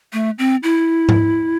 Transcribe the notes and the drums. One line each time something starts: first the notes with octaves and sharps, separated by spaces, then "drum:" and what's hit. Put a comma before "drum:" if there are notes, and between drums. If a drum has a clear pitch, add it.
A3
C4
E4
drum: tom G#2